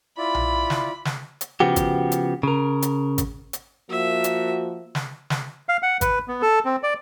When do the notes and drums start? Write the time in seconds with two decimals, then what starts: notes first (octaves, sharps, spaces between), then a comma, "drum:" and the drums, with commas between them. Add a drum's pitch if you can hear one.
0.18 E4 F4 D5 B5
0.35 drum: tom B1
0.70 drum: snare
1.05 drum: snare
1.41 drum: hi-hat
1.60 C#3 F3 B3 F#4 G4
1.76 drum: kick G#1, hi-hat
2.12 drum: hi-hat
2.43 C#3 A#4
2.82 drum: hi-hat
3.18 drum: kick G#1, hi-hat
3.53 drum: hi-hat
3.90 F3 A#3 F#4 E5
4.24 drum: hi-hat
4.95 drum: snare
5.30 drum: snare
5.69 F5
5.83 F#5
6.01 B4, drum: kick G#1, hi-hat
6.28 B3
6.42 A4
6.65 C4
6.83 D5